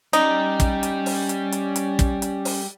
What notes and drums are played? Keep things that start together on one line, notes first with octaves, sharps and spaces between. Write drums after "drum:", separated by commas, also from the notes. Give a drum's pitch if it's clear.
G3 C#4 D#4 D5, drum: hi-hat
drum: kick, hi-hat
drum: hi-hat
drum: open hi-hat
drum: hi-hat
drum: hi-hat
drum: hi-hat
drum: kick, hi-hat
drum: hi-hat
drum: open hi-hat